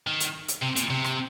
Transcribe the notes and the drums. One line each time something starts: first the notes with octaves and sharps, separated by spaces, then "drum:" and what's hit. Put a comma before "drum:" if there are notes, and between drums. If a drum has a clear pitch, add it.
D#3
drum: hi-hat
drum: hi-hat
C3
A#2, drum: hi-hat
C3
drum: rim click